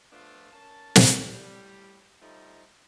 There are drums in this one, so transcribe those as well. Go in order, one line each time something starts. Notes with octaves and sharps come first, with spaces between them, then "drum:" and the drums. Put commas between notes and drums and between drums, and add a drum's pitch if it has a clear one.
F3 A3 B3 D4 F4
C#4 A#4 A5
drum: snare
A2 G3
F3 G3 A3 D#4 A#5